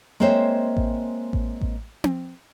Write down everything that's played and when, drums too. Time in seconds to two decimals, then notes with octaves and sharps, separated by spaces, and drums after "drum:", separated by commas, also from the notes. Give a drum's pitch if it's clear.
0.20 G#3 A#3 C4 C5 C#5 E5
0.77 drum: kick A1
1.33 drum: kick A1
1.61 drum: kick A1
2.04 drum: tom C4